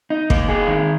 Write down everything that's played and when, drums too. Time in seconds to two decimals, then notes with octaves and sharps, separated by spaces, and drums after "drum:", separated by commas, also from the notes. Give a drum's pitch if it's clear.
0.10 D#4
0.30 A#3, drum: kick
0.48 G#4
0.67 D#3